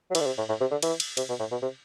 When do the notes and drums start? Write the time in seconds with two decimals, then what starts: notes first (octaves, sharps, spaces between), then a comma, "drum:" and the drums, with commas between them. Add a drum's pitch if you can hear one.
0.10 F#3
0.15 E3, drum: cymbal
0.20 D3
0.26 C3
0.38 A2
0.49 A2
0.60 C3
0.71 D3
0.82 E3, drum: cymbal
1.00 drum: cymbal
1.17 C3, drum: cymbal
1.29 B2
1.39 A2
1.51 B2
1.62 C3